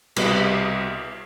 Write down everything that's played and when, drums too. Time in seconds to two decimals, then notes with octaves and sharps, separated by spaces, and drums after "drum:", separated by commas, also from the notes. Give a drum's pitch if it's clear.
0.16 C2 B2 G3 B4 D#5, drum: cymbal